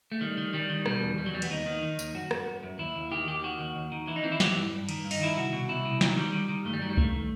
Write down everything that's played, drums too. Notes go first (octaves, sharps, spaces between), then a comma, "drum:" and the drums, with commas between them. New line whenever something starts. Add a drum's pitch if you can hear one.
A3
D#3 G3
D#3
D#3 G3
D#3
B2 G3, drum: rim click
E2
E2 G3
F#3
E2 G3
B3, drum: cymbal
D#2 D#4
D#3
D#3
D#2, drum: tambourine
F#2 F#4
F#2, drum: rim click
F#2
F#2
D#2 E4
D#2
D#3 G4
D#2 G4
D#3 F#4
D#2
D#2
D#3
E3 E4
D#4
E3 C4
E4
E3 G4, drum: snare
G2
G2
D#3, drum: cymbal
G2
D#4, drum: open hi-hat
D#3 E4
C2 F#4
B2
C2 E4
B2
D#3 F#3, drum: snare
D#3 G3
D#3
D#3
G2 A3
G3
D#3 F#3
G3
G2 A3, drum: kick C2